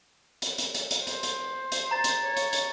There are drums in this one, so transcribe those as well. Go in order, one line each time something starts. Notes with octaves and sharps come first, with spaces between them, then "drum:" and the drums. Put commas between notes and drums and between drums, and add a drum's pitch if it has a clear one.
drum: hi-hat
drum: hi-hat
drum: hi-hat
drum: hi-hat
C5, drum: hi-hat
drum: hi-hat
drum: hi-hat
A#5 A6
drum: hi-hat
C#5
drum: hi-hat
drum: hi-hat